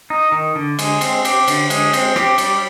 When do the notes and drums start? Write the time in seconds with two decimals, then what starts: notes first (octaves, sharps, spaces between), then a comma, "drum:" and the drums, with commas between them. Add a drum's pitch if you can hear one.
0.10 D#4
0.32 D#3
0.56 D3
0.79 G#3, drum: cymbal
1.01 C4, drum: cymbal
1.25 G4, drum: cymbal
1.48 D3, drum: cymbal
1.70 G#3, drum: cymbal
1.93 C4, drum: cymbal
2.16 G4, drum: rim click
2.38 G3, drum: cymbal